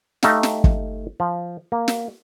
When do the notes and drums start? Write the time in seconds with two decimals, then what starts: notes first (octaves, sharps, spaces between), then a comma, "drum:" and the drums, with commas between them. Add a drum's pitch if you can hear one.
0.23 A3 D#4 G4 F5, drum: snare
0.43 drum: snare
0.64 drum: kick G1
1.20 F3
1.72 A#3
1.88 drum: snare